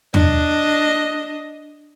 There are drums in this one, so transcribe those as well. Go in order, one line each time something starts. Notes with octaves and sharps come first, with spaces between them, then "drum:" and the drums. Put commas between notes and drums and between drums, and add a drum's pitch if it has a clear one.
D4 D#5, drum: tom